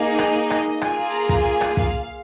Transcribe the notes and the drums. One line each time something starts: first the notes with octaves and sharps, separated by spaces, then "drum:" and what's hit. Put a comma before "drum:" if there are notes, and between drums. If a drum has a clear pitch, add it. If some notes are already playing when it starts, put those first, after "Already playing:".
Already playing: A#3 D#4 G#4
D#5, drum: rim click
D#5, drum: rim click
A#3 F4 G#4 G#5, drum: rim click
A#5
drum: kick
G#5
drum: rim click
F5, drum: kick